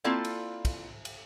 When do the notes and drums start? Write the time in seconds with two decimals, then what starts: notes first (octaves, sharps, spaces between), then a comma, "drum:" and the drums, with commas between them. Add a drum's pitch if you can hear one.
0.04 A#3 C4 E4 F4 A4 D5
0.25 drum: cymbal
0.65 drum: kick, cymbal
1.05 drum: cymbal